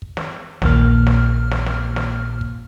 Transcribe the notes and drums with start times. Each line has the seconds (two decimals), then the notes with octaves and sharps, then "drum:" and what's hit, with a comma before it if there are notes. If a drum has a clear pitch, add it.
0.02 drum: kick
0.17 drum: snare
0.62 A#1 D#2 A#2 A#3 F6, drum: snare
1.07 drum: snare
1.51 drum: snare
1.66 drum: snare
1.96 drum: snare
2.41 drum: kick